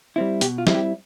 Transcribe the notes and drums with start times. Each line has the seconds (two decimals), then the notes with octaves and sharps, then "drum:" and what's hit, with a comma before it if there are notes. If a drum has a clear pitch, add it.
0.16 G3 C4 E4
0.41 B2 G4, drum: hi-hat
0.58 F4
0.67 G3 C4 E4, drum: snare
0.75 G4